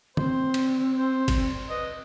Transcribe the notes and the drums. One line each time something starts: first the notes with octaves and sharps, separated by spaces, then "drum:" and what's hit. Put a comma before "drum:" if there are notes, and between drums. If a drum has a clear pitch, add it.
C4 C5, drum: tom
drum: cymbal
C5
drum: kick, cymbal
B4 D#5